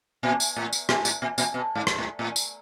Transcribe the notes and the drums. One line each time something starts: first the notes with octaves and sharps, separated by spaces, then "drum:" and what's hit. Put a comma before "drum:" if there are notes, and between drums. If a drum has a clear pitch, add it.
A#2
drum: tambourine
A2
drum: tambourine
A#2, drum: rim click
A2, drum: tambourine
A#2
A#2, drum: tambourine
B2
G#2
drum: rim click
A2
A2
drum: tambourine